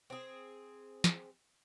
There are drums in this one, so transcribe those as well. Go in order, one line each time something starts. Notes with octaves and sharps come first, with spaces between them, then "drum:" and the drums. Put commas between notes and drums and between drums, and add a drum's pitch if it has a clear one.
C4 G#4
drum: snare